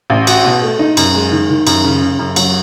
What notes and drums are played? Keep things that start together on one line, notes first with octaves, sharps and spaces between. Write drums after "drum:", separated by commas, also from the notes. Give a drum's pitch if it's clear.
A1
F#4, drum: cymbal
B2
A3
D#4
F#2, drum: cymbal
G#3
D#3
D#3
F#2, drum: cymbal
C#3
C#3
F#2
F#3, drum: cymbal